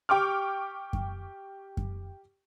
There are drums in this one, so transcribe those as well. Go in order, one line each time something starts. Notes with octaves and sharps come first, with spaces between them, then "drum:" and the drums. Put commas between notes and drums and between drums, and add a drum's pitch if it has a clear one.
G4 G5 C#6 D6 F6
drum: kick F#2
drum: kick F#2